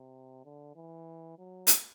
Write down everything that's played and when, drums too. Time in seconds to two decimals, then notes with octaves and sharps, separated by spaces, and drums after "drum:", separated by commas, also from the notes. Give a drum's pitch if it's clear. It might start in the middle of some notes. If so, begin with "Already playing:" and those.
Already playing: C3
0.45 D3
0.76 E3
1.38 F#3
1.67 drum: hi-hat